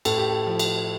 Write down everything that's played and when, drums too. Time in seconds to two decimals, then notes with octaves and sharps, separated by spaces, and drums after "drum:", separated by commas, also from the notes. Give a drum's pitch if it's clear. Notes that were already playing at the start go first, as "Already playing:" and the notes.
0.05 A2 A4, drum: cymbal
0.17 G4
0.29 A4
0.46 F3
0.59 drum: cymbal